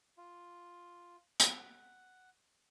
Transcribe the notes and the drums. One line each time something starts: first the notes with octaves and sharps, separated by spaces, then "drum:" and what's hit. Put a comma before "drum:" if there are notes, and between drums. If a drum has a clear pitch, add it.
F4
F#5, drum: hi-hat